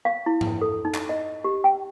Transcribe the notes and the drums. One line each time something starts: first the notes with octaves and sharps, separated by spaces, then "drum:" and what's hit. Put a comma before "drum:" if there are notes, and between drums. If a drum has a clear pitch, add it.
F5
E4
drum: tom G#2
A4
D#4
drum: clap
D#5
G4
G5